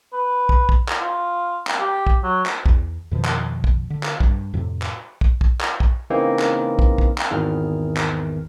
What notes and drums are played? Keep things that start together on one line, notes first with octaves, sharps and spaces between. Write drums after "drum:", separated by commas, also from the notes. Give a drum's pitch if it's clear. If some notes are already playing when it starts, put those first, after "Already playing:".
B4
drum: kick
drum: kick
drum: clap
F4
drum: clap
G4
drum: kick
F#3
drum: clap
E2, drum: kick
F2 B2 D#3 F3
drum: clap
drum: kick
D3
drum: clap
G2, drum: kick
F2 A2 C3
drum: clap
drum: kick
drum: kick
drum: clap
drum: kick
C#3 E3 A#3 C4 D#4
drum: clap
drum: kick
drum: kick
drum: clap
G#1 E2 D#3 F6
drum: clap